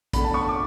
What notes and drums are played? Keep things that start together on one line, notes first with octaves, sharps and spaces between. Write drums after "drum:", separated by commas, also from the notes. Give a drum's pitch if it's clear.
E2 D3 A3 B5, drum: kick, hi-hat
A5
C#6
D6